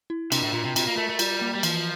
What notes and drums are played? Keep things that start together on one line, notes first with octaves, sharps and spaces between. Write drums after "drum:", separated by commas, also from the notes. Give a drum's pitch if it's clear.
E4
C3 D4, drum: cymbal
A2
A#2 F4
C3
C3 F4, drum: cymbal
A#3
A3 A#4
A3
G3 F4, drum: cymbal
A#3
G3
E3 F3, drum: cymbal